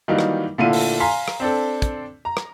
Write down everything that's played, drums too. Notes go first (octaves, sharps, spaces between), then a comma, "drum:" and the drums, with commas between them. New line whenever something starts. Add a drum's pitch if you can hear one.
D#3 E3 F#3 G3 A#3 D#4
drum: rim click
A#2 D3 A3 E4 F5 D#7
drum: open hi-hat
F5 G#5 A#5 C6 B6
drum: rim click
C4 D4 A4
drum: kick, hi-hat
A#5
drum: rim click